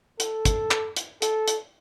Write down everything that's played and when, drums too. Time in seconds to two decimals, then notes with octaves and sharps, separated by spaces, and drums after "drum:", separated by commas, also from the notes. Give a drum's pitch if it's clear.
0.20 A4, drum: hi-hat
0.45 drum: kick, hi-hat
0.71 drum: clap
0.96 drum: hi-hat
1.22 A4, drum: hi-hat
1.48 drum: hi-hat